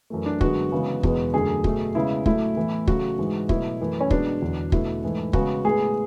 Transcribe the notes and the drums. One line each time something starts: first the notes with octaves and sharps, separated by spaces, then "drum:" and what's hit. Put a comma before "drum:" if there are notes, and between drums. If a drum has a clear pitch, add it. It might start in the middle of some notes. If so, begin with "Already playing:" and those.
F#2 E3 A3
D4
F#2 D3 G#3 B3 F#4, drum: kick
C#3 E3 G#3 B3
E2 B2 G#3 B3, drum: kick
F#2 D3 A3 G#4
B2 A3, drum: kick
C#3 G#3 B3 E4
A2 F#3 A3 E4, drum: kick
A2 E3 B3
C#3 F#3 A3 F#4, drum: kick
G#2 E3 G#3
B2 F#3 A3 E4, drum: kick
F#2 E3 A3
C#4
B2 G#3 B3 D4, drum: kick
E2 D3 F#3
B2 A3 E4, drum: kick
G#2 E3 A3
C#3 G#3 B3 F#4, drum: kick
A2 G#3 B3 G#4